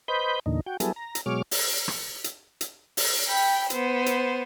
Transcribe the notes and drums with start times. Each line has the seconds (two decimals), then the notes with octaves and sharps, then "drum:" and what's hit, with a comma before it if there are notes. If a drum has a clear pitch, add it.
0.08 B4 C5 D#5 B5 G6
0.46 E2 A#2 D3 D#4
0.66 F#4 G5
0.80 F#3 G3 B3 E4 G#4 A4, drum: hi-hat
0.96 A#5
1.15 drum: hi-hat
1.26 B2 F#3 G#3 C#5 D6 F6
1.51 drum: open hi-hat
1.88 drum: rim click
2.24 drum: hi-hat
2.61 drum: hi-hat
2.97 drum: open hi-hat
3.27 G5 B5
3.70 B3 C5, drum: hi-hat
4.06 drum: hi-hat